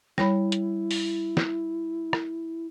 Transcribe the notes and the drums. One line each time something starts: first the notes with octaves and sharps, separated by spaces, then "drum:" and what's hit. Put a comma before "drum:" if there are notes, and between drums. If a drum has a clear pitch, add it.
G3 E4 C#5 B5, drum: snare
drum: hi-hat
drum: open hi-hat
drum: snare
drum: rim click